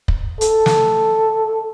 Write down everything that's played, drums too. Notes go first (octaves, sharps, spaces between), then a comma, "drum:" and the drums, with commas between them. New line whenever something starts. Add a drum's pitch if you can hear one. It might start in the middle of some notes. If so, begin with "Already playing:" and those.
drum: kick
A4, drum: hi-hat
drum: snare